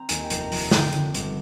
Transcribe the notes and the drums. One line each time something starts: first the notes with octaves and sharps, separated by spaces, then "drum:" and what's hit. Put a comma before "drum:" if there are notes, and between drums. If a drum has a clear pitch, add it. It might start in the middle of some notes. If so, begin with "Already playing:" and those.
Already playing: C4 A#5
D#2 G#5, drum: hi-hat
G5
F1, drum: hi-hat
A#5
F1, drum: open hi-hat
D3 G5, drum: snare
D3, drum: hi-hat
G1, drum: hi-hat